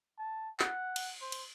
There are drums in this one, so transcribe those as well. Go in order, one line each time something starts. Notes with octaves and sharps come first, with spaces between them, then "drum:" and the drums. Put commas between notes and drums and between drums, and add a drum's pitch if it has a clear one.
A5
F#5, drum: clap
drum: cymbal
C5
drum: cymbal